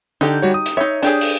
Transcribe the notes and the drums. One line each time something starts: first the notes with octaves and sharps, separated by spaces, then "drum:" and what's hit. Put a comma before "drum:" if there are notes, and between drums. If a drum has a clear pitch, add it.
D3 D#4 G4
G3 F#4 C#5
D#6
drum: hi-hat
D#4 C#5 E5
D4 G4 G#4, drum: hi-hat
drum: open hi-hat